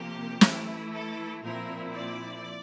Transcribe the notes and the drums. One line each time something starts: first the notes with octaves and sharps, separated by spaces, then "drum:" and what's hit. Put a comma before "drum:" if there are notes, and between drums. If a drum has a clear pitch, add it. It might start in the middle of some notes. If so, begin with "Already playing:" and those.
Already playing: C3 F3 A#3 G4
E3 A3 E4, drum: snare
A4
A#2 F3 C4 E4 A#4
D5